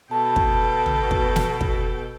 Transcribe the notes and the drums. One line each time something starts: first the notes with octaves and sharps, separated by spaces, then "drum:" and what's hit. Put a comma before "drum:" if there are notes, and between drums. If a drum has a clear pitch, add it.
B2 A4 G5 A5
drum: kick
drum: tom
drum: kick
drum: snare
drum: kick